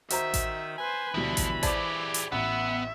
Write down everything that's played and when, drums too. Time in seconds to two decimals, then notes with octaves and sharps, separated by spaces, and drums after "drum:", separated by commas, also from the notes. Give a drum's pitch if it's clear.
0.10 D#3 F#4 C5 E5 A#5, drum: hi-hat
0.34 drum: kick A1, hi-hat
0.78 B4 C5 G#5
1.14 D2 B2 E3 F3 G3 B5
1.37 drum: kick A1, hi-hat
1.63 G4 G#4 C5 D5 A5, drum: kick A1, hi-hat
2.14 drum: hi-hat
2.32 A1 B3 E5 F#5